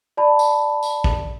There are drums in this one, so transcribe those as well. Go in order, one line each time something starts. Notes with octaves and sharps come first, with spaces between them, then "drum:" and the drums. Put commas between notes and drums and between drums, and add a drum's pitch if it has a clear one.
D5 A5 B5
drum: tambourine
drum: tambourine
drum: kick